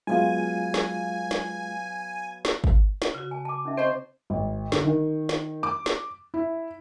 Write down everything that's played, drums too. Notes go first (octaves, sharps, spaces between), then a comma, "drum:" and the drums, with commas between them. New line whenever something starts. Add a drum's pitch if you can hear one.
F#3 G#3 B3 F4 F5 G#5
drum: snare
drum: snare
drum: snare
drum: kick
drum: snare
C#3 F#4
G#5 A5
A5 D6
C#4 D#4 E5
C4 C5 D#5 C#6
G#1
D3, drum: snare
D#3
drum: snare
D6
drum: snare
E4